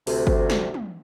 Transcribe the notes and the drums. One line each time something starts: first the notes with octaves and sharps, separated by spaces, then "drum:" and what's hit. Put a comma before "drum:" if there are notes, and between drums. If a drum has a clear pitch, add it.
D2 C3, drum: open hi-hat
drum: kick G1
drum: snare
drum: tom